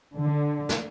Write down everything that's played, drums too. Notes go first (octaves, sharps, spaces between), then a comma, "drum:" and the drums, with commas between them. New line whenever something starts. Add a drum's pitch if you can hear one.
D3
drum: snare